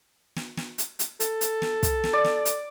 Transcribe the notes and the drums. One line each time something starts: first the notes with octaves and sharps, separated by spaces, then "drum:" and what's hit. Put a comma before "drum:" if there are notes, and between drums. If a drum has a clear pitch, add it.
drum: snare
drum: snare
drum: hi-hat
drum: hi-hat
A4, drum: hi-hat
drum: hi-hat
drum: snare
drum: kick, hi-hat
drum: snare
D5
drum: snare
drum: hi-hat